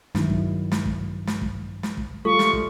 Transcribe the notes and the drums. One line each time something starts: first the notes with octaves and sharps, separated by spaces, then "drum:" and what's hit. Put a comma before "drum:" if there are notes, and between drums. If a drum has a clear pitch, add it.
G2 D#3 F#3 E4, drum: snare
drum: kick
drum: snare
drum: kick
drum: snare
drum: kick
drum: snare
drum: kick
G3 A3 F4 A4 C#6
drum: snare
drum: kick